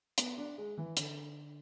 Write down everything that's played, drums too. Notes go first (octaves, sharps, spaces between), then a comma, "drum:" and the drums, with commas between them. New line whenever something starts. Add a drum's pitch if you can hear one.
B3, drum: hi-hat
D4
G#3
E3
D3, drum: hi-hat